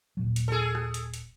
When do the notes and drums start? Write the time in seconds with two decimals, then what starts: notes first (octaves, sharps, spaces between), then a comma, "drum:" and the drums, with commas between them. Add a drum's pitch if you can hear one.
0.17 D#1 A#2 F#3
0.36 drum: hi-hat
0.48 G#4 A4
0.75 drum: rim click
0.94 drum: hi-hat
1.14 drum: hi-hat